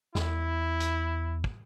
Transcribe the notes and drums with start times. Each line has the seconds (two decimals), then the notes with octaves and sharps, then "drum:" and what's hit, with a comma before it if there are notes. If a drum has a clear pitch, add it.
0.15 E2 E4, drum: snare
0.80 drum: hi-hat
1.44 drum: kick